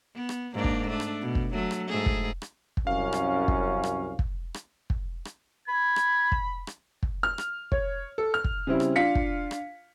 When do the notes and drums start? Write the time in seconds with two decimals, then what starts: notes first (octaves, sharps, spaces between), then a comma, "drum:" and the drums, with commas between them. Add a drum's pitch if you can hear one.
0.15 B3
0.29 drum: rim click
0.54 G#2 A#3 D4
0.64 drum: kick
0.89 A3 D4
1.00 drum: rim click
1.22 B2
1.35 drum: kick
1.53 F#3 A3
1.71 drum: rim click
1.88 G#2 A3 G#4
2.06 drum: kick
2.42 drum: rim click
2.77 drum: kick
2.87 C2 F#2 C#4 F5
3.13 drum: rim click
3.48 drum: kick
3.83 drum: rim click
4.19 drum: kick
4.54 drum: rim click
4.90 drum: kick
5.25 drum: rim click
5.68 B5 G#6
5.96 drum: rim click
6.32 drum: kick
6.67 drum: rim click
7.03 drum: kick
7.23 F6
7.38 drum: rim click
7.72 C#5, drum: kick
8.18 A4
8.34 F6
8.44 drum: kick
8.67 C#3 G3 C4 E4
8.80 drum: rim click
8.96 D4 F4 F5 B6 C#7
9.15 drum: kick
9.51 drum: rim click